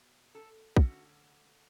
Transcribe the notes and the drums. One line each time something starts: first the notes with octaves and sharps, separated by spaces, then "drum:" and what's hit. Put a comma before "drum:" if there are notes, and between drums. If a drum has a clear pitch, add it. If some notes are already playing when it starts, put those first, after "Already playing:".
Already playing: B2
A4
D3 A3 C#4 F#4, drum: kick